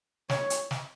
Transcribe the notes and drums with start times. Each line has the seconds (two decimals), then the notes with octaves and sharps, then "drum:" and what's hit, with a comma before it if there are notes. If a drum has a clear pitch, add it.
0.30 C#5, drum: snare
0.50 drum: hi-hat
0.71 drum: snare